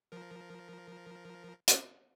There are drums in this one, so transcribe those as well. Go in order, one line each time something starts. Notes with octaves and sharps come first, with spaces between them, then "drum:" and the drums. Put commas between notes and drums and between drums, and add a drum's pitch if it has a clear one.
F3 A#4
drum: hi-hat